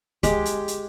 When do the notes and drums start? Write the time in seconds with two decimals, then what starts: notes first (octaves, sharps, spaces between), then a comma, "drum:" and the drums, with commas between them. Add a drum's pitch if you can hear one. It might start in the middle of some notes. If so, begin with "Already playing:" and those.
0.23 G#3 G4, drum: kick C#2, hi-hat
0.45 drum: hi-hat
0.68 drum: hi-hat